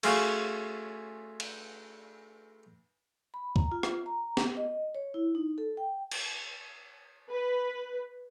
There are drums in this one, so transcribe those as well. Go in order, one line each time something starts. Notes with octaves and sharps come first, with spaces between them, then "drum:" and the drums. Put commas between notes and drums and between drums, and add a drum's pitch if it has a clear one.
A3 C#4 F4 F#4 G#4 F5, drum: cymbal
drum: cymbal
B5
A#5, drum: kick
F4
drum: rim click
A#5
drum: snare
D#5
C#5
E4
D#4
A4
G5
drum: cymbal
B4